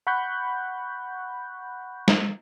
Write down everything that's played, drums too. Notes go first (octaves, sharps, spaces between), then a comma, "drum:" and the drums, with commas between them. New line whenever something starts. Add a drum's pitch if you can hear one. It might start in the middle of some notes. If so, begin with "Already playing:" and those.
F#5 B5 C#6 F#6 G6
drum: snare